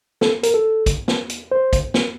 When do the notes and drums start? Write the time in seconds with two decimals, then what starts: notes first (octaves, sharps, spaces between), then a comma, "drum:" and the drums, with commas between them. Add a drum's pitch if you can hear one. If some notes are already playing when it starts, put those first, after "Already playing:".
0.21 A4, drum: snare
0.43 A#4, drum: hi-hat
0.54 A4
0.86 drum: kick, hi-hat
1.08 drum: snare
1.29 drum: hi-hat
1.52 C5
1.73 drum: kick, hi-hat
1.94 drum: snare